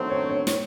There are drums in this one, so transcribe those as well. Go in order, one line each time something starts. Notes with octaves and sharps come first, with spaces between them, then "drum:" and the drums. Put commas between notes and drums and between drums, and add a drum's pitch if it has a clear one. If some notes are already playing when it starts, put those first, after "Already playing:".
Already playing: D#3 F#3 A3 C4 C5
C#5
C#5
C#5, drum: snare